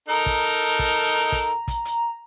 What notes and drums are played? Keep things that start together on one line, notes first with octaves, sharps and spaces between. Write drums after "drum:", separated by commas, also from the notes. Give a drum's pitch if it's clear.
D#4 A4 A#4 A#5, drum: hi-hat
drum: kick, hi-hat
drum: hi-hat
drum: hi-hat
drum: kick, hi-hat
drum: open hi-hat
drum: open hi-hat
drum: kick, hi-hat
drum: kick, hi-hat
drum: hi-hat